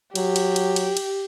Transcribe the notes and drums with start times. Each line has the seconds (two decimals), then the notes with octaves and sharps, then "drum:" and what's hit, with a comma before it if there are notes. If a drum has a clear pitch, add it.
0.15 F#3 G4, drum: cymbal
0.36 drum: cymbal
0.56 drum: cymbal
0.76 drum: cymbal
0.97 drum: cymbal